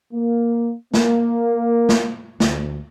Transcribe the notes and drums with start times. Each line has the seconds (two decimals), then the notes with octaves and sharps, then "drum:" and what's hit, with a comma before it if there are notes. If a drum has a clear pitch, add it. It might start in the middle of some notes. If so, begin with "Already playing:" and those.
0.13 A#3
0.94 A#3, drum: snare
1.89 drum: snare
2.40 D2, drum: snare